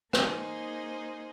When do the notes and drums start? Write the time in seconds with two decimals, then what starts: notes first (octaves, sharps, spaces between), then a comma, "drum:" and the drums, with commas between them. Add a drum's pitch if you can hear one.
0.13 A#3 D#4 G#4 C5, drum: rim click